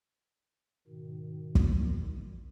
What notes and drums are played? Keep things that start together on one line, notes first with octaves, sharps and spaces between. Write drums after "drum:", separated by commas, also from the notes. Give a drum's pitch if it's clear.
G#2 B2 D#3
drum: kick